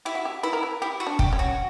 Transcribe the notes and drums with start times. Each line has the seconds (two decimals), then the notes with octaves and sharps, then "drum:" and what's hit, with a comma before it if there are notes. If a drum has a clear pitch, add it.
0.05 E4 G4
0.15 F#4
0.25 G4
0.43 E4 B4
0.53 A#4
0.63 B4
0.82 E4 G4
1.00 F#4
1.07 D4
1.19 G4, drum: kick
1.33 C#4
1.39 F#4